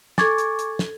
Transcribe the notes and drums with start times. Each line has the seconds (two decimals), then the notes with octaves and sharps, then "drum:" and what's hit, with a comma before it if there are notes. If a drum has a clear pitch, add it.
0.18 A4 G#5 C#6 D6 G#6 A6, drum: snare
0.38 drum: hi-hat
0.59 drum: hi-hat
0.79 drum: snare